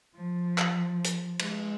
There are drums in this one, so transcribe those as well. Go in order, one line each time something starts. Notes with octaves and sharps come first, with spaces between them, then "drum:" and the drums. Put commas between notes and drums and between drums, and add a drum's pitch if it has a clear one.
F3
drum: clap
drum: hi-hat
G#3, drum: cymbal